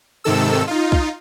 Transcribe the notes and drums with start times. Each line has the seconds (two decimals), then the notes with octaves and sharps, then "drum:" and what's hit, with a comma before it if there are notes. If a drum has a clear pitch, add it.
0.24 G#2 C3 D#3 A4 E6
0.67 D#4 F4
0.92 drum: kick